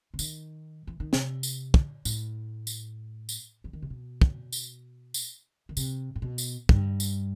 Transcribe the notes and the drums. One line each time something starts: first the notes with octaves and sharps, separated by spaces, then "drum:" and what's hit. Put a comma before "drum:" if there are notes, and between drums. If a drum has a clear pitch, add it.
C3
D#3, drum: tambourine
E3
D#3
C3, drum: snare
drum: tambourine
drum: kick
A2, drum: tambourine
drum: tambourine
drum: tambourine
E3
D#3
C3
B2
drum: kick
drum: tambourine
drum: tambourine
D#3
C3, drum: tambourine
A2
B2
drum: tambourine
G2, drum: kick
drum: tambourine